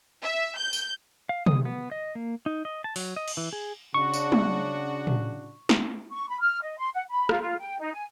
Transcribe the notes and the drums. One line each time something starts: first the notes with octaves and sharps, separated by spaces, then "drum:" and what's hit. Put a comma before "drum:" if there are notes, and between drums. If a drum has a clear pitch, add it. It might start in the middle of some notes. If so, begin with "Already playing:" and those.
E5
G6
drum: tambourine
F5
D#6, drum: tom
B3
D#5
A#3
D#4
D#5
A5
F#3, drum: open hi-hat
D#5
drum: cymbal
E3
G#4
C#3 D4 F#4 C#6
drum: tambourine
drum: tom
drum: tom
drum: snare
C#6
B5
F6
D#5
C6
F#5
B5
F4, drum: rim click
F4
G5
D#4
G#5